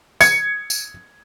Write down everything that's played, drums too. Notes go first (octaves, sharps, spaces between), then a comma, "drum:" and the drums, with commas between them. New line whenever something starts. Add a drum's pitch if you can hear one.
G#6 C#7, drum: tambourine
drum: tambourine